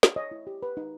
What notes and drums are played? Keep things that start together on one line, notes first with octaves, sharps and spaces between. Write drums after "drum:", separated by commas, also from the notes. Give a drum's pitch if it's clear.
drum: snare
C#5 D#5
E4
G4
B4
D#4